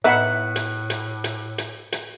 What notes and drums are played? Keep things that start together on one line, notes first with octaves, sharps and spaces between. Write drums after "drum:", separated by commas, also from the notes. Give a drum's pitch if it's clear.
A2 B3 D#4 E4 E5 F#5 F#6
drum: hi-hat
drum: hi-hat
drum: hi-hat
drum: hi-hat
drum: hi-hat